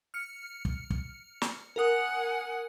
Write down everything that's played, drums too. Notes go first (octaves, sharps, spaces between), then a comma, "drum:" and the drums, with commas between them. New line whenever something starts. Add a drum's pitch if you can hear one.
F6 C#7
drum: kick
drum: kick
drum: snare
A#4 F#5 G#5 D#6